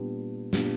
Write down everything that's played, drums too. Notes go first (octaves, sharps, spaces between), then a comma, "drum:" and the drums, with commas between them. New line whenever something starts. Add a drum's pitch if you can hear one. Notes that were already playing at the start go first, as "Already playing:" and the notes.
Already playing: A#2 G3 B3 D4 G4
A#2 G3 B3 D4 G4, drum: snare